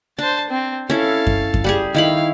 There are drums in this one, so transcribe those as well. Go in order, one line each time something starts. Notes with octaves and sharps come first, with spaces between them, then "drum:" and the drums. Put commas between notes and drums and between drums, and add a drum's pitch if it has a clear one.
D4 C5 A5
C4
C#4 E4 A4 F5
drum: kick F#2
drum: kick F#2
G3 G4 G#4
D#3 E4 F5 B5